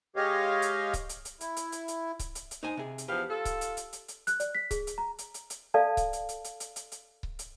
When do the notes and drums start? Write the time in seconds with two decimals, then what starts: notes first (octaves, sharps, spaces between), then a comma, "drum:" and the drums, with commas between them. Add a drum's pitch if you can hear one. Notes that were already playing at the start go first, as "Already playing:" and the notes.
0.16 G#3 G4 C#5 D#5 F5
0.62 drum: hi-hat
0.94 drum: kick C#1, hi-hat
1.09 drum: hi-hat
1.25 drum: hi-hat
1.41 E4, drum: hi-hat
1.57 drum: hi-hat
1.72 drum: hi-hat
1.88 drum: hi-hat
2.19 drum: kick C#1, hi-hat
2.35 drum: hi-hat
2.51 drum: hi-hat
2.63 D#4 C5 G#5
2.77 C3 G#4
2.98 drum: hi-hat
3.08 E2 F3 G4 B4 F5
3.29 F4 A4
3.45 drum: kick C#1, hi-hat
3.61 drum: hi-hat
3.77 drum: hi-hat
3.93 drum: hi-hat
4.08 drum: hi-hat
4.27 F#6, drum: hi-hat
4.40 D5, drum: hi-hat
4.55 B6
4.71 G#4, drum: kick C#1, hi-hat
4.87 drum: hi-hat
4.98 A#5
5.18 drum: hi-hat
5.34 drum: hi-hat
5.50 drum: hi-hat
5.74 A4 D5 F5 A5
5.97 drum: kick C#1, hi-hat
6.13 drum: hi-hat
6.29 drum: hi-hat
6.44 drum: hi-hat
6.60 drum: hi-hat
6.76 drum: hi-hat
6.92 drum: hi-hat
7.23 drum: kick C#1
7.39 drum: hi-hat